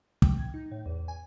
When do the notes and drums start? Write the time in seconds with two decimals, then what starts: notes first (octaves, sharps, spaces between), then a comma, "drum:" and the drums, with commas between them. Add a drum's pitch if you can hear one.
0.22 G5, drum: kick
0.38 G#6
0.54 D#4
0.71 A2
0.86 E2
1.08 G#5